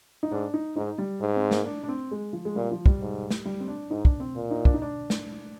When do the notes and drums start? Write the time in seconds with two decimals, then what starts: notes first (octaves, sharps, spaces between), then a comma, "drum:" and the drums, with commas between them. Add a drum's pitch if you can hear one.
0.23 D#4
0.31 G#2 D4
0.54 D#4
0.76 G#2 D#4
0.98 G3
1.21 G#2
1.36 C4
1.51 A#3, drum: snare
1.66 D4
1.83 D4
1.88 C4
2.11 G#3
2.33 F3
2.45 G#3
2.55 A#2 G3
2.71 F3
2.86 G3, drum: kick
3.01 G#2
3.30 drum: snare
3.45 G3
3.60 C4
3.68 D4
3.90 G#2 D#4
4.05 D4, drum: kick
4.20 C4
4.35 A#2
4.51 D#4
4.65 D4, drum: kick
4.74 D#4
4.82 D4
5.10 drum: snare